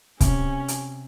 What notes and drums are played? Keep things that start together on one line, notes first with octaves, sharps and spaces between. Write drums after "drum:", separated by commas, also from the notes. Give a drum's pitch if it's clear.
C3 C#4, drum: kick, hi-hat
drum: hi-hat